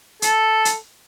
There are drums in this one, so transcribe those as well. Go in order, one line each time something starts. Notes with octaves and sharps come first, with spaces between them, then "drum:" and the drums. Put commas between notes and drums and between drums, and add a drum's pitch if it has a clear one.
A4, drum: hi-hat
drum: hi-hat